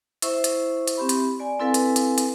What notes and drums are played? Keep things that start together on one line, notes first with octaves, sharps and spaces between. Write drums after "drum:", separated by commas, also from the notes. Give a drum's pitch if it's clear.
E4 C5 E5 C#6, drum: hi-hat
drum: hi-hat
drum: hi-hat
C4 G4 B5
drum: hi-hat
D5 G#5
C4 E4 A4 B4 F5 G#5
drum: hi-hat
drum: hi-hat
drum: hi-hat